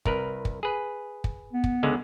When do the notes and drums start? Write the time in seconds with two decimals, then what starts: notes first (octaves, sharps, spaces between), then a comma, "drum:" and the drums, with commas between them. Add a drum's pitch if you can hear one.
0.05 C2 A#4 B4, drum: kick
0.45 drum: kick
0.63 G#4 B4
1.24 drum: kick
1.53 B3
1.64 drum: kick
1.83 C#2 D3 G#3